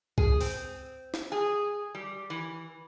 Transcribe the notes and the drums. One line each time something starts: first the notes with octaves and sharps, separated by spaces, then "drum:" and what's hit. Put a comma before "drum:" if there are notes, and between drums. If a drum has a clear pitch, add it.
G#4, drum: kick C2
C4, drum: open hi-hat
drum: snare
G#4
G3
E3